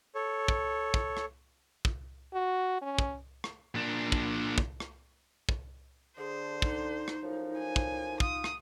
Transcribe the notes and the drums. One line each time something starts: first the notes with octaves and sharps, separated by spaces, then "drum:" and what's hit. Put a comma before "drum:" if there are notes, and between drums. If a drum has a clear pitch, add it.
A4 C#5
drum: kick
drum: kick
drum: rim click
drum: kick
F#4
C#4
drum: kick
drum: rim click
A#2 D4
drum: kick
drum: kick
drum: rim click
drum: kick
D3 G#4 C5
D#4, drum: kick
drum: rim click
F#2 A2 F3
G#5
drum: kick
F4 D#6, drum: kick
drum: rim click